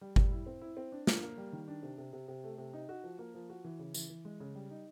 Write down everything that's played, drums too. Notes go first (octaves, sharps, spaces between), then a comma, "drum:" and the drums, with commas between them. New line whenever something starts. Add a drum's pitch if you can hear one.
G3
G3, drum: kick G1
E4
C4
E4
C4
D4
A#3, drum: snare
A#3
G3
D#3
D4
C3
C3
C3
C3
A3
C3
D#4
F#4
F3
A#3
F3
F#4
E3
C#3
E3, drum: tambourine
E3
G#3
C#3
G3
D#4